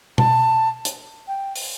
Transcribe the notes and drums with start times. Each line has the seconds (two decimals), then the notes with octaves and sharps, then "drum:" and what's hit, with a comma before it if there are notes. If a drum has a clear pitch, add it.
0.18 A5, drum: tom B2
0.85 drum: hi-hat
1.28 G5
1.56 drum: open hi-hat